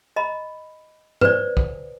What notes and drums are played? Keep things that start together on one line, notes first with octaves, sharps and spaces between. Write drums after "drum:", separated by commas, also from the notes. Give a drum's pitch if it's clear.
D#5 A#5 B5
B4 C5 D5, drum: tom G#2
drum: kick